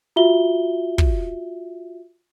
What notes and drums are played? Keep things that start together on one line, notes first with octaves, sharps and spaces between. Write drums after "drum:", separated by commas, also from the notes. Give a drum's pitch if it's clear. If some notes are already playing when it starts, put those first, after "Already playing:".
F4 F#4 E5 G7
drum: kick